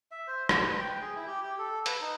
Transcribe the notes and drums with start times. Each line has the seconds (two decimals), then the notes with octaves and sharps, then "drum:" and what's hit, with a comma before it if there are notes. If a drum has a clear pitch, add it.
0.11 E5
0.27 C5
0.49 C#5, drum: rim click
0.66 B4
0.80 G5
1.01 G#4
1.15 E4
1.27 G4
1.43 G4
1.59 A4
1.86 B4, drum: hi-hat
2.01 D#4